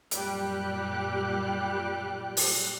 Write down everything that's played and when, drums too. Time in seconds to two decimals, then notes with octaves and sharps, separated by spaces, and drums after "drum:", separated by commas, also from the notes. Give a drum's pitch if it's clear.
0.11 F#2 A#2 G3 G4 F#6, drum: hi-hat
2.37 drum: open hi-hat